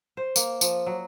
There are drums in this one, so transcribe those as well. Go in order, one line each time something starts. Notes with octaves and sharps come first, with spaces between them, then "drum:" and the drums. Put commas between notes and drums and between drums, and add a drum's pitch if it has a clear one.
C5
A#3, drum: tambourine
F3, drum: tambourine
F#3